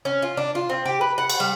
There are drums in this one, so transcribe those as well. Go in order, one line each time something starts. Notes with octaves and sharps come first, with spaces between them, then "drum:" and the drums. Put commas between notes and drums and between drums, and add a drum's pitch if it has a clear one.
C#4
F4
D4
F4
C4
G4
B4
F#5
drum: cymbal
G3